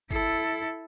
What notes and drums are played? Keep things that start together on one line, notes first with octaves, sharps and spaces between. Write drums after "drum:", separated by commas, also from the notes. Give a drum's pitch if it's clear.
E4 A4, drum: kick G#1